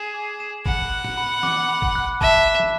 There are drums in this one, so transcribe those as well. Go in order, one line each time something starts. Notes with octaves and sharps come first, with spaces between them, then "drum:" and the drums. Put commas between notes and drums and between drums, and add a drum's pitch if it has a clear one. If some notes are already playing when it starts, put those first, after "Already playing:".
Already playing: G#4 E7
D6
E7
F#5 B5, drum: kick
F#6
drum: tom
B5
D6, drum: snare
B5
drum: kick
F#6
E5 A5, drum: kick
E7
drum: tom